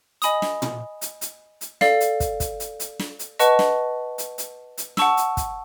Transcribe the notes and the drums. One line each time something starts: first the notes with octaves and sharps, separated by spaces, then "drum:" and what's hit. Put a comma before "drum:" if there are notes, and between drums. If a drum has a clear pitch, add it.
D#5 G#5 B5 D#6, drum: hi-hat
drum: snare
drum: tom
drum: hi-hat
drum: hi-hat
drum: hi-hat
A4 D5 F5, drum: snare
drum: hi-hat
drum: kick, hi-hat
drum: kick, hi-hat
drum: hi-hat
drum: hi-hat
drum: snare
drum: hi-hat
B4 D#5 F#5 A5 C#6, drum: hi-hat
drum: snare
drum: hi-hat
drum: hi-hat
drum: hi-hat
F#5 A5 C#6 E6, drum: snare
drum: hi-hat
drum: kick, hi-hat